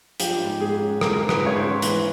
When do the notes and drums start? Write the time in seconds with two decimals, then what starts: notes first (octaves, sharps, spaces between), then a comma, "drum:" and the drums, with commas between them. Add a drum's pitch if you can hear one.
0.20 F3 G4, drum: hi-hat
0.41 G#2
0.61 G#3 G#4
0.81 C#4
1.01 G#3 A#4, drum: rim click
1.21 G#2
1.29 B4, drum: rim click
1.42 G#2 C#5
1.56 C5
1.63 C#4
1.82 E3 B4, drum: hi-hat